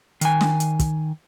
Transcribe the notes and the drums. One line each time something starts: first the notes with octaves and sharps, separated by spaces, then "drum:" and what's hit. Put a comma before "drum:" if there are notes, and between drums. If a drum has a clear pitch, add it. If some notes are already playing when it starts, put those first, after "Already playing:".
D#3 G#5, drum: hi-hat
drum: snare
drum: hi-hat
drum: kick, hi-hat